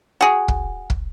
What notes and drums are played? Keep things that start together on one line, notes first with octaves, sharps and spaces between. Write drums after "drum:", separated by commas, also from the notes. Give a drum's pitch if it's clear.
F#4 G#4
drum: kick
drum: kick